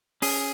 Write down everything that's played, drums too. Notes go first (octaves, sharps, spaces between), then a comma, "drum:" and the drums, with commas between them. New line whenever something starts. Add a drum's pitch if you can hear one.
C#4 G#4, drum: open hi-hat